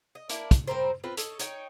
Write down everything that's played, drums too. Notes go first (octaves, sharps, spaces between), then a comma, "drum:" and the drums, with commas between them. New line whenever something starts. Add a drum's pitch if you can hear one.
D#5
A#3 D4 E4, drum: hi-hat
drum: kick, hi-hat
G3 C4 A#4 C5
C4 F4 B4
A4 C#5 D#5, drum: hi-hat
D#4 C#5 G5, drum: hi-hat